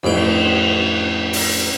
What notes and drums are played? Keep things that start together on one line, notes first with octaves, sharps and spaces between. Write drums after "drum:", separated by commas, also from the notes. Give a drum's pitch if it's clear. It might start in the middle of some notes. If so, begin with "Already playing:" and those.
F2 A2 G5, drum: cymbal
drum: open hi-hat